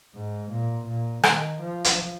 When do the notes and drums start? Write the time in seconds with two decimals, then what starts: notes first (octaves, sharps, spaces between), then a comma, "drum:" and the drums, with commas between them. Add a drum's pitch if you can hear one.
0.14 G#2
0.51 A#2
0.87 A#2
1.23 D#3, drum: rim click
1.60 F3
1.84 drum: hi-hat